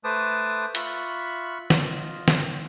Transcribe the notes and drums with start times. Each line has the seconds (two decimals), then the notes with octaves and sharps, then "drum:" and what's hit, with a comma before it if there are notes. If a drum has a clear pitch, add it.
0.04 A3 B4 C5 A5 D6 D#6
0.75 F4 E5 B5 C#6 F#6, drum: hi-hat
1.70 F4 D#5, drum: snare
2.28 drum: snare